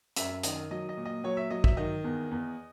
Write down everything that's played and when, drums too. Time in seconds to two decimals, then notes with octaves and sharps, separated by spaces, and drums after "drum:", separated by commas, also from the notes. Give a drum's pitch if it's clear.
0.16 F#2 E5, drum: hi-hat
0.43 D#3 D#5, drum: hi-hat
0.71 F#3 D#5
0.89 D#5
0.97 A#2
1.05 D#5
1.24 F#3 C#5
1.37 E5
1.50 F#3 D#5
1.64 E5, drum: kick
1.77 D#3 D#5
2.04 E2
2.31 E2